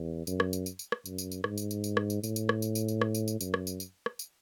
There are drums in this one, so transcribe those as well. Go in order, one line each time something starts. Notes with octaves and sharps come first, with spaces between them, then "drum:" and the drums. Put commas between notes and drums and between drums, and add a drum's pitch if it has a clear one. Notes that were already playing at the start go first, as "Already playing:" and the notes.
Already playing: E2
F#2, drum: tambourine
drum: rim click
drum: tambourine
drum: tambourine
drum: tambourine
drum: rim click
F#2, drum: tambourine
drum: tambourine
drum: tambourine
G#2, drum: rim click
drum: tambourine
drum: tambourine
drum: tambourine
drum: rim click
drum: tambourine
A2, drum: tambourine
drum: tambourine
drum: rim click
drum: tambourine
drum: tambourine
drum: tambourine
drum: rim click
drum: tambourine
drum: tambourine
F#2, drum: tambourine
drum: rim click
drum: tambourine
drum: tambourine
drum: rim click
drum: tambourine